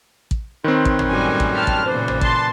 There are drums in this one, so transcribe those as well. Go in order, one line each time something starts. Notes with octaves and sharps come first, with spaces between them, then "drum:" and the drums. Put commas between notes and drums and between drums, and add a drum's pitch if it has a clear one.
drum: kick
D#3 C4 B4 C#5 C6
drum: kick
drum: tom
F#2 A2 G3 G#5
drum: kick
G4 A5 F6
drum: kick
A#2 C#3 E3 B4 C5 D5
drum: tom
A5 C6 A6, drum: kick